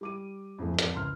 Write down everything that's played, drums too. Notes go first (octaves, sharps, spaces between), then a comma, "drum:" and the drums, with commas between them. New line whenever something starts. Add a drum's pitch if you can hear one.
G3 D6 D#7
F2 G#2 E3 F3 G#3 A3
F2, drum: hi-hat
C#2 C6 F6